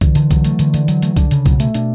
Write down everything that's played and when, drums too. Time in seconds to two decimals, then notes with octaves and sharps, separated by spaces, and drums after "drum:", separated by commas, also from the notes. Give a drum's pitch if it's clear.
0.01 D3 E3, drum: kick C2, hi-hat
0.15 D3, drum: hi-hat
0.31 F#3, drum: kick C2, hi-hat
0.45 A3, drum: hi-hat
0.59 D3, drum: hi-hat
0.74 D3, drum: hi-hat
0.88 F#3, drum: hi-hat
1.03 A3, drum: hi-hat
1.17 D3 D4, drum: kick C2, hi-hat
1.31 C#3, drum: hi-hat
1.46 B2 F#3, drum: kick C2, hi-hat
1.60 A3, drum: hi-hat
1.75 B2 D4, drum: hi-hat